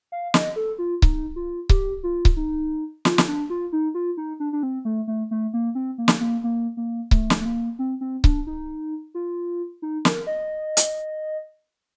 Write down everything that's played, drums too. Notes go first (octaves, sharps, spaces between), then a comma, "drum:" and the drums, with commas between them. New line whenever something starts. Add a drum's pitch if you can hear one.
F5
D#5, drum: snare
A4
F4
D#4, drum: kick C#1
F4
G4, drum: kick C#1
F4
drum: kick C#1
D#4
F4, drum: snare
drum: snare
D4
F4
D#4
F4
D#4
D4
D4
C4
A3
A3
A3
A#3
C4
A#3
drum: snare
A#3
A#3
A#3
A3, drum: kick C#1
drum: snare
A3
A#3
C4
C4
D4, drum: kick C#1
D#4
F4
D#4
A#4, drum: snare
D#5
drum: hi-hat